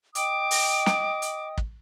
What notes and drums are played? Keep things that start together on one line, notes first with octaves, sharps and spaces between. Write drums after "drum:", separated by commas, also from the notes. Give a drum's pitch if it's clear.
D#5 G5 D6 D#6, drum: hi-hat
drum: open hi-hat
drum: snare
drum: hi-hat
drum: kick